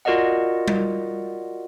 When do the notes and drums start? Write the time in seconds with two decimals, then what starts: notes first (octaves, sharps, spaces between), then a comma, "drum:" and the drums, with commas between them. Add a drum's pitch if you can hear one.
0.05 F4 F#4 A#4 D5 D#5 F#5
0.68 drum: tom G3